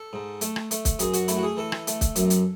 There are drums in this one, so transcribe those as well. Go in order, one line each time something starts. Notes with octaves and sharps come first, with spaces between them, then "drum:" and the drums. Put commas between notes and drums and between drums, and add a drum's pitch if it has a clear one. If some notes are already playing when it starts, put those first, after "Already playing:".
Already playing: A4
G#2
A3, drum: hi-hat
drum: rim click
A3, drum: hi-hat
drum: kick, hi-hat
F#2 G#4, drum: hi-hat
F#4, drum: hi-hat
A3 E4, drum: hi-hat
F#4
G#4
E3 A4
drum: rim click
A3, drum: hi-hat
drum: kick, hi-hat
F#2, drum: hi-hat
drum: hi-hat